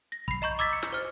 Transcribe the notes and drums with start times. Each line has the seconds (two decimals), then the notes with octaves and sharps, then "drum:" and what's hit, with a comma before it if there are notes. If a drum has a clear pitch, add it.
0.12 A#6
0.28 B5 C7, drum: kick
0.42 D#5 A#5 C#6 G6
0.59 D6 E6 G#6 A6 B6
0.73 C#7
0.83 drum: snare
0.93 C5 F6